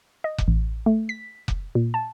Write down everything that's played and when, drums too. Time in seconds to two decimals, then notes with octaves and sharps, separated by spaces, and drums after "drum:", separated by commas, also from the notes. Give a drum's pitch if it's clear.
0.24 D#5
0.38 drum: kick F1
0.48 A1
0.86 A3
1.09 B6
1.48 drum: kick F1
1.75 A#2
1.94 A5